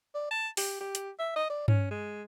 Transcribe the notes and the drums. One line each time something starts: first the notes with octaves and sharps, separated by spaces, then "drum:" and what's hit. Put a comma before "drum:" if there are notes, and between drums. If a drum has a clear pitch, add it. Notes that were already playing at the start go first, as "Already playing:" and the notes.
D5
A5
G4, drum: open hi-hat
G4
drum: hi-hat
E5
D#5
D5
C#4, drum: tom G2
G#3